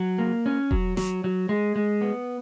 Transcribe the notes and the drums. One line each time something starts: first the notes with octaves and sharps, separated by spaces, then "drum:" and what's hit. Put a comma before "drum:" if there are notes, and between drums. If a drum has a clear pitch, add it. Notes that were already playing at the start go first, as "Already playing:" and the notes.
Already playing: F#3
A#3
C#4
F#3, drum: kick E1
F#3, drum: snare
F#3
G#3
G#3
B3